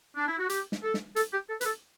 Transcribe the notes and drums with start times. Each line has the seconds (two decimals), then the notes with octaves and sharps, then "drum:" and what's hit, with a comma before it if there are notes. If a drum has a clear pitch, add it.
0.17 D4
0.28 E4
0.39 F#4
0.49 G4, drum: hi-hat
0.72 drum: snare
0.83 A4
0.94 drum: snare
1.16 A4, drum: hi-hat
1.33 G4
1.49 A4
1.61 B4, drum: hi-hat
1.66 A4